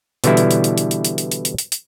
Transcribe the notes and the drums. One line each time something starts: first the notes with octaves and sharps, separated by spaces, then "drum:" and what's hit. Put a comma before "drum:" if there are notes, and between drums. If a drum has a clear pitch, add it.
B2 D3 E3 G3 E4, drum: hi-hat
drum: hi-hat
drum: hi-hat
drum: hi-hat
drum: hi-hat
drum: hi-hat
drum: hi-hat
drum: hi-hat
drum: hi-hat
drum: hi-hat
drum: hi-hat
drum: hi-hat